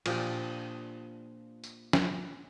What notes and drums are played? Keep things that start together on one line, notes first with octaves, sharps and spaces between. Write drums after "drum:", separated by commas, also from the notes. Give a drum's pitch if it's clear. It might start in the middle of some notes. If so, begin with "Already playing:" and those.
A#2 F3 D4 G4, drum: cymbal
drum: tambourine
drum: snare